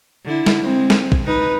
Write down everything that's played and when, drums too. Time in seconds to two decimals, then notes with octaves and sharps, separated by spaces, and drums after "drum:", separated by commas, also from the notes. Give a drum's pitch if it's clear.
0.25 D3 E4
0.46 drum: snare
0.63 G#3 C4
0.90 drum: snare
1.12 drum: kick
1.26 D#4 B4